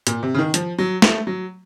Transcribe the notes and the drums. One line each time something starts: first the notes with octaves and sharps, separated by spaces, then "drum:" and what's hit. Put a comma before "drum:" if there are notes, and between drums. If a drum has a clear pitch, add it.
A#2, drum: hi-hat
C3
C#3
D#3
F3, drum: hi-hat
F#3
A3, drum: snare
F#3